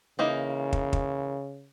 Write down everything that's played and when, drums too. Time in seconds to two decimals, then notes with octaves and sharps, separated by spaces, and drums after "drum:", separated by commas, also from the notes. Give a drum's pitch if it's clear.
0.19 C#3 E3 A#3 D#4
0.73 drum: kick
0.93 drum: kick